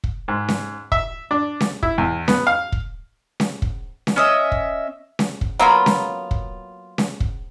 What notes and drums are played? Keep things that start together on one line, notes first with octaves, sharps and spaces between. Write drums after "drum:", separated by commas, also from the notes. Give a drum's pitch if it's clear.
drum: kick
G#2
drum: snare C#4
E5, drum: kick
D4
drum: snare C#4
E4, drum: kick
E2
B3, drum: snare C#4
F5
drum: kick
drum: snare C#4
drum: kick
drum: snare C#4
C#4 D#5 E5
drum: kick
drum: snare C#4
drum: kick
F#3 A#3 B3 F4
drum: snare C#4
drum: kick
drum: snare C#4
drum: kick